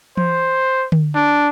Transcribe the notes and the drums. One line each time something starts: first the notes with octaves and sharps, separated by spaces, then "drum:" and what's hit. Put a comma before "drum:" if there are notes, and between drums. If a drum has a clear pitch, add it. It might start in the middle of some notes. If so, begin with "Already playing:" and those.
C5, drum: tom E3
drum: tom D3
D4